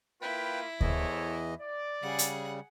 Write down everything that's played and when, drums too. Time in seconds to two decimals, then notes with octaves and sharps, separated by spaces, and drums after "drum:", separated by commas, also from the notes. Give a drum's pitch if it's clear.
0.22 A#3 E4 F4 B4 G5 B5
0.81 E2 E3 A4 C5 C#5 D#5, drum: kick D2
1.61 D5
2.03 C#3 G3 G#4 F#5
2.19 drum: hi-hat